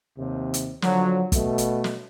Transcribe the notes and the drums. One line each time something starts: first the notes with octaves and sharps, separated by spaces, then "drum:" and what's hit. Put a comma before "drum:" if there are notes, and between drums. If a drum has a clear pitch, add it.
D#2 C3
drum: hi-hat
D3 F3 F#3, drum: snare
B2 A3, drum: kick, hi-hat
drum: hi-hat
drum: snare